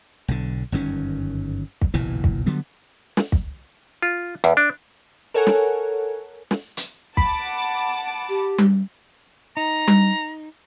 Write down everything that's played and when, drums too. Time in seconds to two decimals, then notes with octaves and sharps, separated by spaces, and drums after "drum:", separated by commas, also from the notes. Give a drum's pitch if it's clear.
0.28 B1 D3
0.72 G1 F#2 D#3 C#4
1.81 drum: kick
1.94 F#1 B1 A#2 E3
2.24 drum: kick
2.46 D3 F#3 G3 B3
3.17 drum: snare
3.32 drum: kick
4.02 F4
4.44 E2, drum: rim click
4.57 D4
5.34 A4 A#4 C#5 F#5 G#5
5.47 drum: snare
6.51 drum: snare
6.77 drum: hi-hat
7.17 F#5 A5 B5 D6, drum: kick
8.29 G4
8.58 drum: tom G3
9.57 D#4 A#5
9.88 drum: tom G3